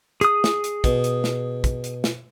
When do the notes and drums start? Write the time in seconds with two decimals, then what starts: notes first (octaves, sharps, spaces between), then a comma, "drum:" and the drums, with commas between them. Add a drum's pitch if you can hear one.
0.21 G#4 D#6, drum: hi-hat
0.44 drum: snare
0.64 drum: hi-hat
0.84 B2, drum: kick, hi-hat
1.04 drum: hi-hat
1.24 drum: snare
1.64 drum: kick, hi-hat
1.84 drum: hi-hat
2.04 drum: snare